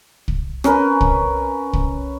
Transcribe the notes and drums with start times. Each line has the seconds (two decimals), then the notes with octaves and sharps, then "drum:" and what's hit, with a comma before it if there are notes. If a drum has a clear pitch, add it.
0.28 drum: kick
0.64 C#4 A#4 B4, drum: rim click
1.01 drum: kick
1.73 drum: kick